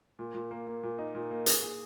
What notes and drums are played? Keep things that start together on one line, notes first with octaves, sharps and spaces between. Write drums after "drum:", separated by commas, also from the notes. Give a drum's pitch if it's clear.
A#2
A#2
A#3
A#3
A#2
D#4
A#2
A#3
G#4, drum: hi-hat
G#4